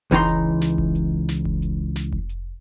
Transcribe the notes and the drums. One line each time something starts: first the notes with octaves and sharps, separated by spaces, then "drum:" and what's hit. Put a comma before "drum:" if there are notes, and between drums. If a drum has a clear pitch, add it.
C#2 E3 D#4 A#5 C6, drum: kick F1
drum: hi-hat
drum: snare
drum: kick F1
drum: hi-hat
drum: snare
drum: kick F1
drum: hi-hat
drum: snare
drum: kick F1
drum: hi-hat